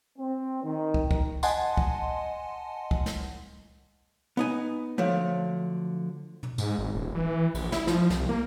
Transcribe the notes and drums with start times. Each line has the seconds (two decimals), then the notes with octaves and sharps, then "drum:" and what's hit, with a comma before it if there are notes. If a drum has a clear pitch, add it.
0.18 C4
0.64 D#3
0.94 drum: kick
1.11 drum: kick
1.43 D#5 F#5 G#5 A5 C6, drum: tambourine
1.77 drum: kick
2.91 drum: kick
3.06 drum: snare
4.37 B3 D#4 G#5
4.98 D3 F3 F#3 A3
6.43 drum: tom
6.58 G#2, drum: tambourine
6.78 G#1
6.94 D#1
7.15 E3
7.55 A#1, drum: cymbal
7.72 E4, drum: snare
7.87 F3, drum: snare
8.10 C2, drum: snare
8.29 A#3